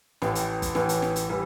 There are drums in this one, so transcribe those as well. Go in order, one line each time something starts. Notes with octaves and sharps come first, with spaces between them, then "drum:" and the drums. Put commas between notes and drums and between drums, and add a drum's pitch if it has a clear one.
A1 A2 E3, drum: snare
drum: hi-hat
drum: kick, hi-hat
A1 A2 E3, drum: snare
drum: hi-hat
drum: snare
drum: hi-hat
E3 G3